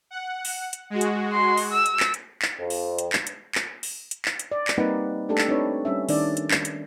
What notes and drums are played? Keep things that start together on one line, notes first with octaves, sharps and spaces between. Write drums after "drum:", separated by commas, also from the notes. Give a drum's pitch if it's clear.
F#5
drum: open hi-hat
drum: hi-hat
G#3 F#4
drum: hi-hat
C6
drum: open hi-hat
E6
drum: hi-hat
drum: clap
drum: hi-hat
drum: clap
F2
drum: open hi-hat
drum: hi-hat
drum: clap
drum: hi-hat
drum: clap
drum: open hi-hat
drum: hi-hat
drum: clap
drum: hi-hat
D5
drum: clap
G3 A#3 C4 D#4 B4 F#5
A3 D4 G4 A4
drum: clap
C4 D4 D#4 B4 C#5
G3 C#4 E5
D#3 D4 D5, drum: open hi-hat
drum: hi-hat
drum: clap
drum: hi-hat